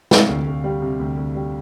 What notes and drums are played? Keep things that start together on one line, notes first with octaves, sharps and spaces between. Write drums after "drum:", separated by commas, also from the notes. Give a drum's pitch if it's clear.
C3 F5, drum: snare
D2
D2
G3
C3
D2
D2
G3